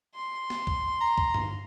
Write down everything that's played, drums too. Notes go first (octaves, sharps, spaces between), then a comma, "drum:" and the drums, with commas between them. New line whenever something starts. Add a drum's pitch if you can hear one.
C6
drum: snare
drum: kick C#2
A#5
drum: kick C#2
drum: tom G2